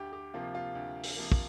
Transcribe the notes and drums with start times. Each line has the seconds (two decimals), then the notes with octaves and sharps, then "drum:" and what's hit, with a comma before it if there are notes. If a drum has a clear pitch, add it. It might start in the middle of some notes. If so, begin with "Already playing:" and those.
Already playing: D2 G4
0.13 G4
0.34 C3 F3 A#3 F4
0.55 F4
0.75 D2
1.04 drum: open hi-hat
1.17 C3 F3 A#3
1.32 drum: kick